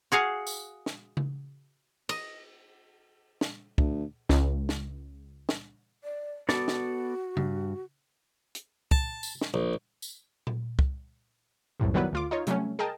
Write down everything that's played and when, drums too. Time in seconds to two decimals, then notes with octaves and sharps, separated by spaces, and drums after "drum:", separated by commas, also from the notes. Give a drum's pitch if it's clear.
0.12 F#4 G#4 F5 F#5
0.47 drum: tambourine
0.86 drum: snare
1.17 drum: tom C#3
2.09 D#5, drum: cymbal
3.41 drum: snare
3.78 D2, drum: kick
4.29 C#2, drum: snare
4.69 drum: snare
5.49 drum: snare
6.04 D5
6.49 B3 F#4 A4 D5, drum: snare
6.68 drum: snare
7.37 G2, drum: tom C#3
8.55 drum: hi-hat
8.91 A5, drum: kick
9.23 drum: tambourine
9.41 drum: snare
9.54 A#1
10.02 drum: tambourine
10.47 drum: tom A#2
10.79 drum: kick
11.80 C2 F#2 A2 C3
11.94 D#3 F#3 G3 B3 E4 B4
12.13 D2 F4 D6
12.31 D#4 F4 C#5
12.47 C3 F#3 G3 A3 C#4, drum: hi-hat
12.79 G#4 A#4 D#5 G5 A5